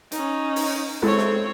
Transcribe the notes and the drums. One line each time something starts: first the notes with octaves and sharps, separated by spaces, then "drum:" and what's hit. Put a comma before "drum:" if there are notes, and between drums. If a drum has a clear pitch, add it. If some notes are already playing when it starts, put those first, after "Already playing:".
C#4 D#4, drum: hi-hat
drum: open hi-hat
G#3 C4 E4 A4 C#5
drum: snare